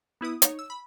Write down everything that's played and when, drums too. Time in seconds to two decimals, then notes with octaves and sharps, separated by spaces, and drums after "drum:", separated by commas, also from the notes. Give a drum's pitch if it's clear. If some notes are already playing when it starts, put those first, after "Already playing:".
0.21 B3 E4 B4 D#6
0.42 D#4 C#5, drum: hi-hat
0.59 E6
0.70 B5